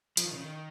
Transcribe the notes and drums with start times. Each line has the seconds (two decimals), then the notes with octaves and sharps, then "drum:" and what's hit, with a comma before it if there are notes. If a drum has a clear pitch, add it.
0.17 F3, drum: hi-hat
0.25 D#3
0.33 C#3
0.41 D#3